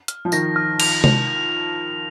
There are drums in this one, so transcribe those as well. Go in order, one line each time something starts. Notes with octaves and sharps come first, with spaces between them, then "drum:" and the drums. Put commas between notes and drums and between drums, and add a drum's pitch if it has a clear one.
F6, drum: hi-hat
F3
D#3 A#6, drum: tambourine
F6
F7, drum: cymbal
F7, drum: tom C3